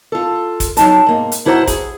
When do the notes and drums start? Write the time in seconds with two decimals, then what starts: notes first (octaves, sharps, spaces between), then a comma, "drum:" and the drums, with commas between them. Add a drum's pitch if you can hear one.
0.12 F4 A4
0.60 drum: kick, hi-hat
0.77 F#3 D#4 A5, drum: hi-hat
1.06 G#2 A#3
1.32 drum: hi-hat
1.45 G2 E4 F#4 C5 F#5 A#5
1.67 G#4, drum: kick, hi-hat